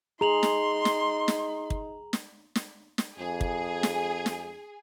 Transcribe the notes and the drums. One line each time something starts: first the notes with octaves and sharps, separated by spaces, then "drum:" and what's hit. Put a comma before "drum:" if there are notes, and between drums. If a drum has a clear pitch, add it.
D#4 G#4 A#5 C6 F7 F#7
drum: snare
drum: snare
drum: snare
drum: kick
drum: snare
drum: snare
drum: snare
F2 G#4
drum: kick
drum: snare
drum: snare